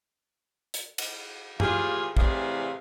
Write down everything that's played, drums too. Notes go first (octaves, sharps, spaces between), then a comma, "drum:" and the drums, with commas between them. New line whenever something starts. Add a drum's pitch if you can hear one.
drum: hi-hat
drum: cymbal
A2 E3 A#3 F4 G4 G#4, drum: tom G2
A2 C3 E3 G#4 D5 F5, drum: kick